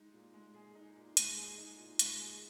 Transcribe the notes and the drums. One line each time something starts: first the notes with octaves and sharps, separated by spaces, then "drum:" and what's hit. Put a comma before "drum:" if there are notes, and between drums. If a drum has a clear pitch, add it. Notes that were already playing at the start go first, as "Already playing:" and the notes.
Already playing: G#3 D#4 G#4
A#2
G#3
G#4
D#4
A#2
G#3, drum: hi-hat
G#4
D#4
A#2
G#3, drum: hi-hat
G#4